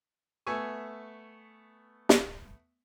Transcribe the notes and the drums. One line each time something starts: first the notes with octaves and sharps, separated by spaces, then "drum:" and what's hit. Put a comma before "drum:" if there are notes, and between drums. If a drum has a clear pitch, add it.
A3 B3 E5 G#5 C#6
drum: snare